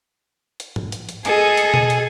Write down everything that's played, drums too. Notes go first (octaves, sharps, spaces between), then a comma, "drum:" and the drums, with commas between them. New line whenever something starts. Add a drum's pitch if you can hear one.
drum: hi-hat
drum: tom G#2
drum: hi-hat
drum: hi-hat
G#4 A4 D#5, drum: hi-hat
drum: hi-hat
drum: tom B2
drum: hi-hat